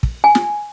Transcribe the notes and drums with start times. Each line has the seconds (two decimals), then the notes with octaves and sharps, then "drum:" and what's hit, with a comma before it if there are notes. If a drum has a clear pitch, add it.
0.03 drum: kick
0.24 G#5
0.35 drum: snare